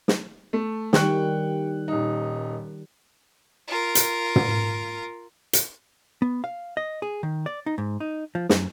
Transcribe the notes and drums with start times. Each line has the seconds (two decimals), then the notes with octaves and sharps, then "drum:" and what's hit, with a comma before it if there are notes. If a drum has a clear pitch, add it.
0.08 drum: snare
0.53 A3
0.93 D#3 G3 G5 C#6 F#6, drum: snare
1.88 D#1 D#4
3.68 F4 A#4
3.95 drum: hi-hat
4.36 drum: tom
5.53 drum: hi-hat
6.22 B3
6.44 F5
6.77 D#5
7.02 G#4
7.23 D#3
7.46 D5
7.66 D#4
7.78 G#2
8.00 D#4
8.35 F3
8.49 F#2, drum: snare